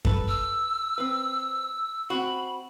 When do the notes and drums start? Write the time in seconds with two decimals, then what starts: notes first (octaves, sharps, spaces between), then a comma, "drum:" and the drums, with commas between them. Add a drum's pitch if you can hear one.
0.05 A4 B4, drum: kick F#2
0.28 E6
0.98 C4 B4
2.10 C4 F#4 B5